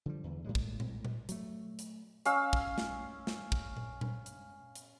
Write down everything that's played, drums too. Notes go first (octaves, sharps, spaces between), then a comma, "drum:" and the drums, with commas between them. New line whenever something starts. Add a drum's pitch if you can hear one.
D3 F3 G3
E2 D3 E3
A2 G3 G#3
drum: kick
drum: tom A#2
drum: tom A#2
F#3 A3, drum: hi-hat
drum: hi-hat
C#4 F5 E6, drum: hi-hat
drum: kick
drum: snare
drum: snare
drum: kick
drum: tom A#2
drum: tom A#2
drum: hi-hat
drum: hi-hat